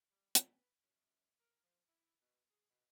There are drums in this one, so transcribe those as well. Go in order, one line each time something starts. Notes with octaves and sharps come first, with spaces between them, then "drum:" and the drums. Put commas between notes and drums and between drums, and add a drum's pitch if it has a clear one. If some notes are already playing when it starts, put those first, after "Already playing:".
G3
B4, drum: hi-hat
F#2
A#4
F3
E4
B2
G#4
B2